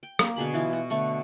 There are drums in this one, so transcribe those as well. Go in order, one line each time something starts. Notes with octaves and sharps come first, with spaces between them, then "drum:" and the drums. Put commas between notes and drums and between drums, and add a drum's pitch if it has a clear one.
G5
A#3, drum: rim click
B2 D3 G#4 B5
E3 B3 F4
F#4
B2 D3 A3 C#6